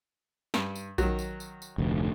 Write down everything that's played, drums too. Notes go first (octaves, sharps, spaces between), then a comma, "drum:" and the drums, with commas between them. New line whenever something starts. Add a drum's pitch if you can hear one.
G2, drum: snare
drum: tambourine
D#3 F#3, drum: kick A#1, tambourine
drum: tambourine
drum: tambourine
drum: tambourine
F1 D2